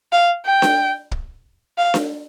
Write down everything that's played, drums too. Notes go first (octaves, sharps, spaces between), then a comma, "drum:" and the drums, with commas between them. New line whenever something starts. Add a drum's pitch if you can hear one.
F5
G5
drum: snare D4
drum: kick
F5
drum: snare D4